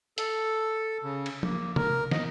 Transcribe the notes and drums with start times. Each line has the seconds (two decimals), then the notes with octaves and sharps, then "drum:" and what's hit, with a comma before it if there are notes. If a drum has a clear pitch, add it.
0.18 A4, drum: hi-hat
1.04 C#3
1.26 drum: cymbal
1.43 A#3, drum: tom F3
1.76 A#4, drum: tom C3
2.11 D#5, drum: snare